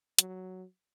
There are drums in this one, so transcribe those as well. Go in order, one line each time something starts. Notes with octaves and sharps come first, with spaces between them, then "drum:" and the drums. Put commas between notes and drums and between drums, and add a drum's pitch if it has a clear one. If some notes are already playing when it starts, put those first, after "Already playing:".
F#3, drum: hi-hat